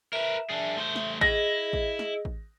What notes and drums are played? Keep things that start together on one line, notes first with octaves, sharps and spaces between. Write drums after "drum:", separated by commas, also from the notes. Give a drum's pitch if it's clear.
A#4 B4 E5
D4 G#4
A3 C5
drum: snare
E4 G#4 D#5 A#6, drum: kick A1
drum: kick A1
drum: snare
drum: kick A1